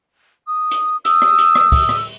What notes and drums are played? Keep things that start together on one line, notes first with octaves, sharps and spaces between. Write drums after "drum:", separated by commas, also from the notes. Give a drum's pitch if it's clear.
D#6
drum: hi-hat
D#6 E6, drum: hi-hat
drum: rim click
drum: hi-hat
drum: rim click
drum: kick, open hi-hat
drum: rim click